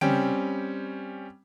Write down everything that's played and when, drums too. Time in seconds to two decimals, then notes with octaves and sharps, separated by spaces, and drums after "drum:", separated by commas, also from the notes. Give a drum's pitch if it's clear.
0.01 G3 C4 C#4 G5 D7, drum: tom C#3